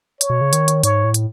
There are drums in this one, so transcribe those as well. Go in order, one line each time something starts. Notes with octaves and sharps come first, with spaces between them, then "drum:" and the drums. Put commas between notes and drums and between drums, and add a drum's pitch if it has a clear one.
C#5, drum: hi-hat
B2
C#3
D#3, drum: hi-hat
drum: hi-hat
G#2 C#5, drum: hi-hat
A2
drum: hi-hat